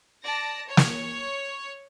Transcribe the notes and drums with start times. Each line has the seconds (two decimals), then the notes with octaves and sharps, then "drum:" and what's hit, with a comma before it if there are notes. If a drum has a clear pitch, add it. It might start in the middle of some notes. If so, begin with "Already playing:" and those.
0.24 D5 A5 A#6
0.68 C#5
0.77 drum: snare